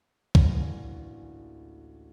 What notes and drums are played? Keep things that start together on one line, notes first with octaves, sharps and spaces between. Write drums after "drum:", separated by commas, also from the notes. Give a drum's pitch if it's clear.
A1 D2 A2 A#3 G#5, drum: kick